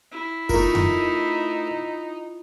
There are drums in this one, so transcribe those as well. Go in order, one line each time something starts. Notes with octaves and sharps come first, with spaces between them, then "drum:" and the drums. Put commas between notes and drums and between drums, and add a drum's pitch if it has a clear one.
E4
A3 D#4 F4 A#4, drum: kick
drum: tom F2